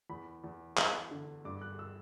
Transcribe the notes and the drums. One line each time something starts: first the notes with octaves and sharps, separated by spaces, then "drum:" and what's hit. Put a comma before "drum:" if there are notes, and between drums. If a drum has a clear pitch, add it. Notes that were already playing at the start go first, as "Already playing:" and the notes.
E2 B5
E2
E2, drum: clap
D3
G2 D6
F#6
E6